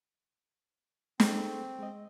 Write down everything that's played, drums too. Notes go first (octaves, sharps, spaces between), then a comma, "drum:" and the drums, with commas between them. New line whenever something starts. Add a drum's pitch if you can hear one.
C4 G#4 A4 C#6, drum: snare
G#3 D#5